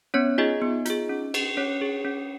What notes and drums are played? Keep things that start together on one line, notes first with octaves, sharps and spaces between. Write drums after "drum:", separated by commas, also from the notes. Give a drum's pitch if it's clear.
B3 C#4 C#5
D#4 F4 G#4 D#5
B3
F4 G#4, drum: hi-hat
C#4
G#4, drum: cymbal
C#4 C#5
G#4
C#4